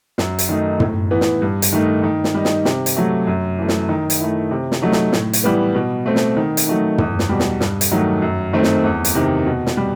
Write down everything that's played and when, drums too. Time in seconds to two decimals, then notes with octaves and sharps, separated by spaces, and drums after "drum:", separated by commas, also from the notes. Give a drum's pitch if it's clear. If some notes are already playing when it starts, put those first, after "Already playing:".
0.18 F#2, drum: snare
0.39 drum: hi-hat
0.49 D#3 A3 D#4
0.80 A2, drum: tom
1.11 E3 B3
1.21 drum: snare
1.42 G2
1.62 drum: hi-hat
1.72 D#3 A3 D#4
2.04 D#3
2.24 drum: snare
2.34 G3 D#4
2.45 drum: snare
2.65 C3, drum: snare
2.86 drum: hi-hat
2.96 F#3 A3
3.27 F#2
3.59 E3 A3
3.68 drum: snare
3.89 D#3
4.10 drum: hi-hat
4.20 A3 E4
4.51 C3
4.72 drum: snare
4.82 F#3 A3 D#4
4.92 drum: snare
5.12 A2, drum: snare
5.33 drum: hi-hat
5.44 E3 G3 B3
5.75 B2
6.06 A3 C4
6.16 drum: snare
6.37 D#3
6.57 drum: hi-hat
6.67 F#3 A3 D#4
6.98 E2, drum: tom
7.19 drum: snare
7.29 B2 G3
7.40 drum: snare
7.60 G2, drum: snare
7.81 drum: hi-hat
7.91 D#3 F#3 A3
8.22 F#2
8.53 D#3 A3 C4
8.63 drum: snare
8.84 E2
9.05 drum: hi-hat
9.15 C3 D#3
9.46 B2
9.66 drum: snare
9.77 G3